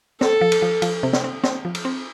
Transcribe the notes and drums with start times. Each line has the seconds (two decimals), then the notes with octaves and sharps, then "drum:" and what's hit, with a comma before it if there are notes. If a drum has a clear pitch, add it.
0.21 C4 A4, drum: snare
0.41 F3
0.52 drum: cymbal
0.62 F3
0.82 F3, drum: cymbal
1.03 C3
1.13 drum: snare
1.24 C4
1.44 C4, drum: snare
1.65 F3
1.75 drum: cymbal
1.85 C4